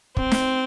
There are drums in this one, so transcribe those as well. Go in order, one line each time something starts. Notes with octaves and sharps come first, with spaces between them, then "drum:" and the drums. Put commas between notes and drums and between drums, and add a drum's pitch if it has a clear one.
C4, drum: kick
drum: snare